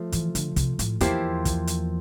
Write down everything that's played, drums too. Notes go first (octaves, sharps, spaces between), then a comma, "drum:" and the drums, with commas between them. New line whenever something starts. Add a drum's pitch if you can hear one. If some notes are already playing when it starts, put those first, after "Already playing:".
Already playing: F3 A3
E3, drum: hi-hat
D3, drum: hi-hat
C3, drum: kick, hi-hat
A2, drum: hi-hat
E2 F3 A#3 E4 G4 C5, drum: hi-hat
drum: kick, hi-hat
drum: hi-hat